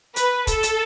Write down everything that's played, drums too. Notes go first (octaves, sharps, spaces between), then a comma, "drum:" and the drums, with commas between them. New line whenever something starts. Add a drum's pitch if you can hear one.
B4, drum: hi-hat
A4, drum: kick, hi-hat
drum: hi-hat